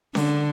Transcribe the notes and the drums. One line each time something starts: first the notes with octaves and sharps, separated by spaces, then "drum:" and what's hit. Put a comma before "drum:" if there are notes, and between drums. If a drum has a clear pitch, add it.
D3, drum: snare C#4